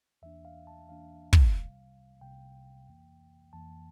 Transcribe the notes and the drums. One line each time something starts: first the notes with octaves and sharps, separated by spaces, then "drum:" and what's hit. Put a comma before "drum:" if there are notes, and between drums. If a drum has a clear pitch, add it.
E2 E3 A#3 D4 E5
F5
A5
E2 E3 A#3 D4 F5
drum: kick
C2 C3 G3
C2 C3 G3 G5
F2 E3 A#3
F2 E3 A#3 A5